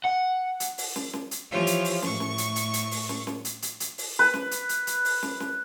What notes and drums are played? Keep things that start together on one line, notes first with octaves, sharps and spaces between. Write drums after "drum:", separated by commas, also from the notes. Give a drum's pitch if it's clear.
F#5
drum: hi-hat
drum: open hi-hat
drum: snare
drum: snare
drum: hi-hat
E3 F3 F4 G4 C5 C#5
drum: hi-hat
drum: open hi-hat
A2 C#6, drum: snare
drum: snare
drum: hi-hat
drum: hi-hat
drum: hi-hat
drum: open hi-hat
drum: snare
drum: snare
drum: hi-hat
drum: hi-hat
drum: hi-hat
drum: open hi-hat
B4
drum: snare
drum: hi-hat
drum: hi-hat
drum: hi-hat
drum: open hi-hat
drum: snare
drum: snare